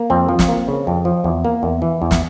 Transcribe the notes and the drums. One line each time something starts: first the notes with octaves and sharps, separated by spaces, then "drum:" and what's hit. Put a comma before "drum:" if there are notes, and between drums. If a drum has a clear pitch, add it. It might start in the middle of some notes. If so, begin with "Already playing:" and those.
Already playing: A#3
F2 C4
F3
drum: snare
A#3
C#3
F2
F3
E2
A#3
E2
E3
E2
drum: snare